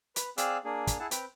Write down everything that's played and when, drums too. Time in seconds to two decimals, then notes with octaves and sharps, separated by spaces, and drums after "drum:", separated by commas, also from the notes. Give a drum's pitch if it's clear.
0.16 B4, drum: hi-hat
0.38 C4 G#4 D5 F5 E6 F#6, drum: hi-hat
0.65 A#3 D4 G#4
0.87 drum: kick, hi-hat
1.00 E4 G#4 F#5 A5
1.11 C4 B4 G5, drum: hi-hat